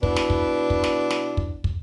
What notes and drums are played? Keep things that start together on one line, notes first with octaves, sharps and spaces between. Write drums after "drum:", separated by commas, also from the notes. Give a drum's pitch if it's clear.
B2 D4 E4 B4, drum: kick
drum: snare
drum: kick
drum: kick
drum: snare
drum: snare
drum: kick
drum: kick